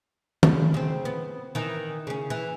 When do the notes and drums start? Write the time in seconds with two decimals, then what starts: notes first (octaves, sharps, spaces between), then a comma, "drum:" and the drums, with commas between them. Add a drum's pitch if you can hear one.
0.43 E2 C#3 A3, drum: tom
0.74 C#3 C4
1.05 B3
1.55 D#3 E3
2.07 C#3 C#4
2.30 E3